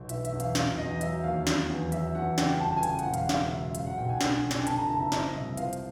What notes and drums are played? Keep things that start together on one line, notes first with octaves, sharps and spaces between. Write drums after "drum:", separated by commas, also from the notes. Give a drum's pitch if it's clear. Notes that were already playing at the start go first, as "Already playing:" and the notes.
Already playing: B1
E3 E5, drum: hi-hat
E5, drum: hi-hat
E2
F5, drum: hi-hat
F#3 F5, drum: snare
E2 D#5
F#3 E5, drum: hi-hat
D#2 F5
F#3, drum: snare
E2
F#3 E5, drum: hi-hat
E2 F#5
C#3 G5, drum: snare
G1 A5
G#5
C#3 G5, drum: hi-hat
F#5, drum: hi-hat
E1
F5, drum: hi-hat
F#3 F5, drum: snare
C#2 E5
F#3 F5, drum: hi-hat
F#5
B1 G5
G#5
D3, drum: snare
F1
G5, drum: snare
G#5
D3 A5, drum: hi-hat
A#5
F#1 A5
E5
F3 D#5, drum: snare
C2 E5
F3 F5, drum: hi-hat
drum: hi-hat